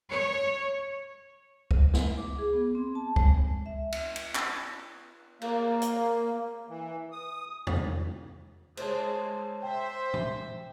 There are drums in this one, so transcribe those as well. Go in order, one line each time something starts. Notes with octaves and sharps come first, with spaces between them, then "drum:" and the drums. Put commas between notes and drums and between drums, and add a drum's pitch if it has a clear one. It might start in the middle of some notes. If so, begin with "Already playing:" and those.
C#5
drum: kick C#2
drum: snare
D6
G#4
B3
C4
A5
G#3, drum: kick C#2
E5
drum: cymbal
drum: cymbal
drum: clap
A#3, drum: cymbal
drum: hi-hat
E3
D#6
drum: tom E2
G#3 C5 C#5 A5, drum: cymbal
C5 E5 G5
drum: tom A#2